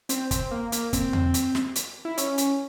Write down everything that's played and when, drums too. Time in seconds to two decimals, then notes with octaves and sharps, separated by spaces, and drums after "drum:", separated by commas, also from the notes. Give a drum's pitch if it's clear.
0.09 C4, drum: hi-hat
0.31 C4, drum: kick, hi-hat
0.51 A#3
0.72 A#3, drum: hi-hat
0.93 C4, drum: kick, hi-hat
1.13 drum: tom E2
1.34 drum: hi-hat
1.55 drum: snare
1.75 drum: hi-hat
2.05 E4
2.18 C#4, drum: hi-hat
2.38 drum: hi-hat